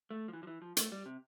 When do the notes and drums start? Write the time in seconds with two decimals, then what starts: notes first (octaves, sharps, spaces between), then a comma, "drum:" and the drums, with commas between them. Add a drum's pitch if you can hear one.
0.11 A3
0.28 F3
0.33 E3
0.43 F3
0.47 E3
0.62 F3
0.77 A3, drum: hi-hat
0.92 G3
1.06 C3